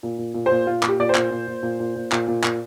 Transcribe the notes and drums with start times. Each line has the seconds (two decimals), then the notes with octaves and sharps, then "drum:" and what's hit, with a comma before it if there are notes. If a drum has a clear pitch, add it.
0.03 A#2
0.18 A#2
0.34 A#2
0.46 A#2 C5
0.67 A#2 F4
0.83 A#2, drum: clap
0.88 G4
0.99 A#2 D5
1.09 C5
1.15 A#2, drum: clap
1.30 A#2
1.47 A#2
1.63 A#2
1.80 A#2
1.96 A#2
2.12 A#2, drum: clap
2.28 A#2
2.44 A#2, drum: clap